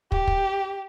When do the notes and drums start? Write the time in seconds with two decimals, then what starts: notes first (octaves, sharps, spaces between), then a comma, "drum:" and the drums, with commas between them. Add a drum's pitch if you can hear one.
0.12 G4, drum: kick
0.27 drum: kick